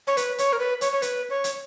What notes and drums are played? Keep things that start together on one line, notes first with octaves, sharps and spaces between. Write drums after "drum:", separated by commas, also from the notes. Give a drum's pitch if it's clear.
C#5
B4, drum: hi-hat
C#5, drum: hi-hat
A#4
B4
C#5, drum: hi-hat
C#5
B4, drum: hi-hat
C#5
drum: hi-hat